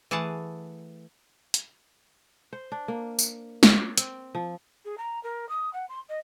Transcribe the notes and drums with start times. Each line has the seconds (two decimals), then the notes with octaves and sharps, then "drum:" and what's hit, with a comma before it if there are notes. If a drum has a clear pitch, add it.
0.11 E3 A3 G#4 F#5 A5
1.54 drum: hi-hat
2.53 C5
2.72 D4
2.88 A#3
3.19 drum: tambourine
3.63 C#5, drum: snare
3.98 C4, drum: hi-hat
4.35 F3
4.85 G#4
4.97 A#5
5.23 A#4
5.49 D#6
5.73 F#5
5.89 C6
6.09 D#5